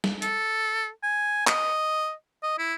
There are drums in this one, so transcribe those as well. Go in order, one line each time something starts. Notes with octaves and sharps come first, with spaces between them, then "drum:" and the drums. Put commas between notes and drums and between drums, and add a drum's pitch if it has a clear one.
drum: snare
A4, drum: hi-hat
G#5
D#5, drum: clap
D#5
E4